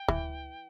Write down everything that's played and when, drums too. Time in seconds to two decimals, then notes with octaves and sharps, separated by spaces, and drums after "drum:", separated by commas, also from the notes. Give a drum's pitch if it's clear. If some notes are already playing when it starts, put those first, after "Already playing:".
Already playing: G5
0.08 E3, drum: kick D2